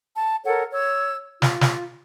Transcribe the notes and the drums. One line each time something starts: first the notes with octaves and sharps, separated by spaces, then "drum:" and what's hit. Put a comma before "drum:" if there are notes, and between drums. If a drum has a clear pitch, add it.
A5
A4 A#4 C#5 F#5
C#5 E6
F4, drum: snare
drum: snare